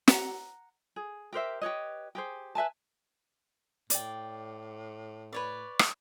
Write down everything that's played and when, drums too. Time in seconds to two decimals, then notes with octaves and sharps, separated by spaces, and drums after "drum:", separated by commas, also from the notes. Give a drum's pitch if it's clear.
0.08 F#5 A#5, drum: snare
0.96 G#4
1.33 G4 A#4 C5 E5
1.62 G4 B4 C#5 D#5
2.15 G4 G#4 C5
2.55 B4 E5 G#5 A5
3.90 A2 D5 G5, drum: hi-hat
5.33 B4 C#5 D5
5.79 drum: rim click